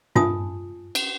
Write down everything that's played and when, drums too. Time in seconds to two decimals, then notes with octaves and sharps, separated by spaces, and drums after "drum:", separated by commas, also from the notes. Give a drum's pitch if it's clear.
0.15 F4 G#5 A5 D#6, drum: tom G2
0.95 drum: cymbal